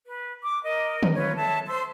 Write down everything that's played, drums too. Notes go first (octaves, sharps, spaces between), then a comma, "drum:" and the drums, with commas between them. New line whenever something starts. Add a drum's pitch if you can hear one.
B4
D6
A#4 D#5
drum: tom
F4 B4 C#5
A4 E5 A5
C5 C6 E6